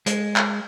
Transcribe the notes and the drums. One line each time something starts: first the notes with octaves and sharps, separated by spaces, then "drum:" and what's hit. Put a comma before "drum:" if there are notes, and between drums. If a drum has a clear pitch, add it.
G#3, drum: hi-hat
drum: clap